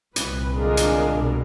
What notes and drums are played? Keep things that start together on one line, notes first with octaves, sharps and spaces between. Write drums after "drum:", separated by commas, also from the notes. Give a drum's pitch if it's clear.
C2 A#2 B4, drum: hi-hat
D3 G#3 D4 F4 G#4 A#4
drum: hi-hat
C2 B2